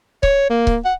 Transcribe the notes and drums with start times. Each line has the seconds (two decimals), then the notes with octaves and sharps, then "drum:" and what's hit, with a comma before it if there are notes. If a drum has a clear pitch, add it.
0.23 C#5, drum: kick C#1
0.50 A#3
0.67 drum: kick C#1
0.85 F#5